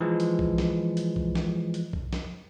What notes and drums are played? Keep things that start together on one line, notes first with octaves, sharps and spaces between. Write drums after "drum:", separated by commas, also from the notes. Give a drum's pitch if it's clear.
E3 F3 G#3
drum: hi-hat
drum: kick B1
drum: snare
drum: hi-hat
drum: kick B1
drum: snare
drum: hi-hat
drum: kick B1
drum: snare